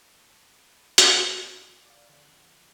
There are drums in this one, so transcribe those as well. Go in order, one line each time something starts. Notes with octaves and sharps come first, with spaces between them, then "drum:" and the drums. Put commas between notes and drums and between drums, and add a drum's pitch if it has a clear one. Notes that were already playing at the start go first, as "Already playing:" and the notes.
A4 B4
drum: hi-hat
D5 F5
D3 F3 F#5